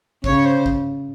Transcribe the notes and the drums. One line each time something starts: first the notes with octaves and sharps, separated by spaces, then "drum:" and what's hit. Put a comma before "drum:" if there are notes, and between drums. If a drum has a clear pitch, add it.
C#3 C#5, drum: kick
C5
drum: kick